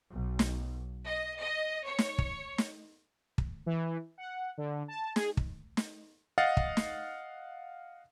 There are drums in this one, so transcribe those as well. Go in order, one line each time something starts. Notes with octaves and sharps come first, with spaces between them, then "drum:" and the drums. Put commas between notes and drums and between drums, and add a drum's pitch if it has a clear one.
B1
drum: snare
D#5
D#5
C#5
drum: snare
drum: kick
drum: snare
drum: kick
E3
F#5
D3
A5
G#4, drum: snare
drum: kick
drum: snare
D#5 F5 F#5 A6
drum: kick
drum: snare